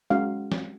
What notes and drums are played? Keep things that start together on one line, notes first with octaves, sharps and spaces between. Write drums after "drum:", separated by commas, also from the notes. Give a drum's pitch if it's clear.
G#3 C#4 F#4 F5
drum: snare